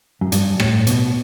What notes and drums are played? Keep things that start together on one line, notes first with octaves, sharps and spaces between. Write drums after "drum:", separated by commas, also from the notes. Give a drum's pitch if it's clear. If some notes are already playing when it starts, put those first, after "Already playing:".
F#2
G2, drum: hi-hat
A2, drum: rim click
B2, drum: hi-hat